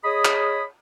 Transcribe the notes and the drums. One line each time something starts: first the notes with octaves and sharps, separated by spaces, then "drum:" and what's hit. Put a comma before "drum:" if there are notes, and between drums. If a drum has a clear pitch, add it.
G#4 C#5 D#5 B5 D#6
drum: clap